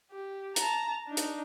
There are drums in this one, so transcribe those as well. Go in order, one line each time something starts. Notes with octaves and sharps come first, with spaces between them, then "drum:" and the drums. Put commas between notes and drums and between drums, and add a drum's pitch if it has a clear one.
G4
A5 A#5, drum: hi-hat
D4 D#4
drum: hi-hat